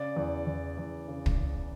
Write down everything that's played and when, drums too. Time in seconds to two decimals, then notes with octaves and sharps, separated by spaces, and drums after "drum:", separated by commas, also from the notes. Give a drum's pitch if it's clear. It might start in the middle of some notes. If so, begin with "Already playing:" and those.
Already playing: C#3 D5
0.16 E2
0.47 E2
0.78 E2
1.08 C#3
1.26 drum: kick
1.38 C#3